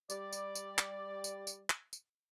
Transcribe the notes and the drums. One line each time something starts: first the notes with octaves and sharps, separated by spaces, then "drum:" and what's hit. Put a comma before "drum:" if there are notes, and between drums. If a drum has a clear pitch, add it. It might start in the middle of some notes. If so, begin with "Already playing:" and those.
G3 D5, drum: tambourine
drum: tambourine
drum: tambourine
drum: clap
drum: tambourine
drum: tambourine
drum: clap
drum: tambourine